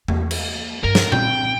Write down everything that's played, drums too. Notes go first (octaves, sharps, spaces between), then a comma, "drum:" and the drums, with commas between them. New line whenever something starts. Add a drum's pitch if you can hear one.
A#3, drum: tom E2
drum: cymbal
G2 A#4
drum: snare
C4 G5, drum: tom A#2